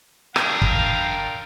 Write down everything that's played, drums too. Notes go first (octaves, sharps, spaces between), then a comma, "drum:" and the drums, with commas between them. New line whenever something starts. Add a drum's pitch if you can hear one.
D4 A#4 F5 G5, drum: rim click
drum: kick